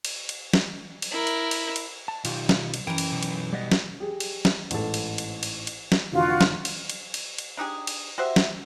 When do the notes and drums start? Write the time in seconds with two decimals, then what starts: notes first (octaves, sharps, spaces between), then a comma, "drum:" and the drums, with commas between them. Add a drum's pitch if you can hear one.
0.05 drum: cymbal
0.29 drum: cymbal
0.53 drum: snare
1.02 drum: cymbal
1.12 E4 A#4
1.27 drum: cymbal
1.51 drum: cymbal
1.76 drum: cymbal
2.08 A5
2.25 B1 D#3 F4 G4, drum: cymbal
2.49 drum: snare
2.74 drum: cymbal
2.87 F#2 E3 A#4 G5
2.98 drum: cymbal
3.12 B1
3.23 drum: cymbal
3.53 G3 B3 D#5
3.71 drum: snare
4.00 G4 G#4
4.20 drum: cymbal
4.45 drum: snare
4.71 A1 G#2 A4, drum: cymbal
4.94 drum: cymbal
5.18 drum: cymbal
5.43 drum: cymbal
5.67 drum: cymbal
5.92 drum: snare
6.12 F1 D3 E3 F4 F#4
6.41 drum: snare
6.65 drum: cymbal
6.90 drum: cymbal
7.14 drum: cymbal
7.38 drum: cymbal
7.57 D4 D#4 G4 G#4
7.87 drum: cymbal
8.18 F#4 G4 C5 E5
8.36 drum: snare